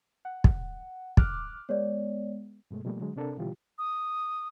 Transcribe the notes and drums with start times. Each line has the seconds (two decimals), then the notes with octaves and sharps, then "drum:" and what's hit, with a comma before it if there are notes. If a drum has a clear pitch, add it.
0.25 F#5
0.44 drum: kick
1.17 D6 F6 F#6, drum: kick
1.69 G#3 B3 C#5 D5
2.71 G2 B2 G#3 A3
2.85 B2 F3 G3 A3 A#3
3.00 D3 F#3 G#3
3.16 C3 C4 D4 A4 A#4
3.37 B2 D3 E3 G3 F4 G4
3.78 D#6